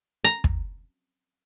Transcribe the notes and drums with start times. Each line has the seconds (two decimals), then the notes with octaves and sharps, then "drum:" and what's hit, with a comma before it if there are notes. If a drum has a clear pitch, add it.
0.24 A#5
0.44 drum: kick